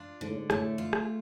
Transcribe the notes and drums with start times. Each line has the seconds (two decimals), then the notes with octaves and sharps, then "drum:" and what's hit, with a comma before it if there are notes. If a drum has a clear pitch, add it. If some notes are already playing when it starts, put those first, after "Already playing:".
Already playing: D4 F4
0.21 G#2 D3
0.29 A2
0.36 G#2
0.50 A2 A3, drum: rim click
0.78 F4
0.93 drum: rim click